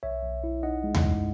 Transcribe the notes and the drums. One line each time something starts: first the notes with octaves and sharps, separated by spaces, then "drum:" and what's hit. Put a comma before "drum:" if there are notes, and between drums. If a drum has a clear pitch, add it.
B1 C#5 E5
B1
E4
D#4 D#5 F#5
G#3
drum: tom D#2
F#2